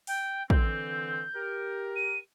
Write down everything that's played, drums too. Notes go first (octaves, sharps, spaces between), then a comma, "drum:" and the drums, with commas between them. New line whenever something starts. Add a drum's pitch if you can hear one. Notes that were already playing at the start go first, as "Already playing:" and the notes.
G5, drum: open hi-hat
D3 E3 C4 G6, drum: kick
G4 A#4
D#7